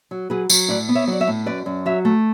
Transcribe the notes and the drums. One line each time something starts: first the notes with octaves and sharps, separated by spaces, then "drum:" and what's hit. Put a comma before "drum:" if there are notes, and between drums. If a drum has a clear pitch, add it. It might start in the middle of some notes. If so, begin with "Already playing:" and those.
F#3
F#3 G#4 B4
F#3, drum: tambourine
A2 B4 D5
B3
C#5 E5
F#3 D5
C#5 E5
A2
F#2 B4 D5
F#2
F#3 C#5 E5
A3